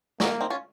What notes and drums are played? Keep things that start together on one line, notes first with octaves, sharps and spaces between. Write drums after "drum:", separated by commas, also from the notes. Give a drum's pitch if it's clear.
A#3 D#4 F#4, drum: snare
C4 D#4
C#4 F4